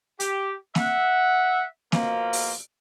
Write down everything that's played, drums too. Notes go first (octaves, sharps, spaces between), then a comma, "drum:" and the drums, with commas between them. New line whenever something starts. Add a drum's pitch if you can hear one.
G4, drum: hi-hat
E5 F#5, drum: snare A#3
B2 F3 A#3, drum: snare A#3
drum: open hi-hat